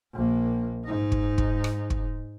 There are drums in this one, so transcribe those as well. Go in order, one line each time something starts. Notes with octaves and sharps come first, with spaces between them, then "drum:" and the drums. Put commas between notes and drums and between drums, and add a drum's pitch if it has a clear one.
A#1 A#3
G#2 D#4
drum: kick
drum: kick
drum: rim click
drum: kick